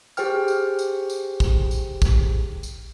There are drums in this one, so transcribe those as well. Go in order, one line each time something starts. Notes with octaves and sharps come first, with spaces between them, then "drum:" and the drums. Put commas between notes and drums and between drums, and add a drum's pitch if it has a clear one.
G4 G#4 C5 G5 F6, drum: tambourine
drum: tambourine
drum: tambourine
drum: tambourine
drum: kick, tambourine
drum: tambourine
drum: kick, tambourine
drum: tambourine